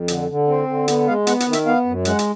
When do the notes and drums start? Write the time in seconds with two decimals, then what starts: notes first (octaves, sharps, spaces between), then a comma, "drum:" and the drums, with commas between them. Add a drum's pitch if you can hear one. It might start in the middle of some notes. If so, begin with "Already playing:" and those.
Already playing: F2
0.08 D3, drum: hi-hat
0.29 D3
0.47 C4
0.68 D3
0.88 B3, drum: hi-hat
1.07 G#3 F5
1.27 B3 F#5, drum: hi-hat
1.40 F#5, drum: hi-hat
1.46 D#3
1.53 E5, drum: hi-hat
1.66 B3 F5
1.85 F#2
2.05 G#3 F#5, drum: hi-hat
2.19 drum: hi-hat